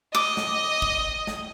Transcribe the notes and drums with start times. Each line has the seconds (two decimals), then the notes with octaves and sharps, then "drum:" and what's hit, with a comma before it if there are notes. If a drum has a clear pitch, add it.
0.15 D#5 D6
0.37 drum: snare
0.82 drum: kick
1.27 drum: snare